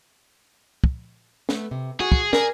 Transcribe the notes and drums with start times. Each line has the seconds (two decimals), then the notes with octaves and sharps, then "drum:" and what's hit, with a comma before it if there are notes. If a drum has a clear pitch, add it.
0.84 drum: kick
1.49 A3 B3, drum: snare
1.71 C3
2.00 F#4 G#4
2.12 drum: kick
2.33 G#4 A#4 D5, drum: snare